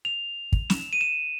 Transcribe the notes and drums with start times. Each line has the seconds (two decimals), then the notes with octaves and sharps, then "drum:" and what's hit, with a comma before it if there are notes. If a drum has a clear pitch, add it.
0.05 F7
0.52 drum: kick
0.70 E7, drum: snare
0.93 D#7
1.01 E7